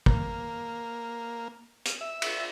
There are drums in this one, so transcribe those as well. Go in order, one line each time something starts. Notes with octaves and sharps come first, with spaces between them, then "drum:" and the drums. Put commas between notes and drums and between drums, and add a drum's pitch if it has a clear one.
A#3, drum: kick
drum: hi-hat
E5
drum: cymbal